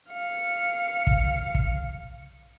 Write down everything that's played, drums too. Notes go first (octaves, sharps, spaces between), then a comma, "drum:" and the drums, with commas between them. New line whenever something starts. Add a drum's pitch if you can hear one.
F5 C#7
drum: kick
drum: kick